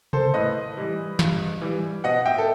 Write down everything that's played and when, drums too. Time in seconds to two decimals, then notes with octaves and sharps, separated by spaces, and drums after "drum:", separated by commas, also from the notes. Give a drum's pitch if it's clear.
0.13 A4 C5, drum: tom C3
0.34 A2 B4 D#5
0.77 E3 G3
1.19 G2, drum: snare
1.62 E3 G3
2.04 B2 D#5 F#5
2.26 E5 G5
2.38 A4